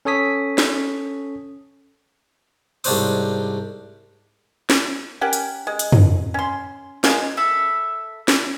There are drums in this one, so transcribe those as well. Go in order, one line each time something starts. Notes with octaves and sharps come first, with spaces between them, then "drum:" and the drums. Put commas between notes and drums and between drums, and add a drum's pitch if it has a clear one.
C#4 A4 C#5 D#6 B6
drum: snare
C2 G#2 C#4 D4 C5 D#6, drum: open hi-hat
drum: snare
C#4 G4 A#4 F#5
drum: hi-hat
G#3
drum: hi-hat
drum: tom
C#4 C6
G#3 A#3 B3, drum: snare
A4 E5 B5
drum: snare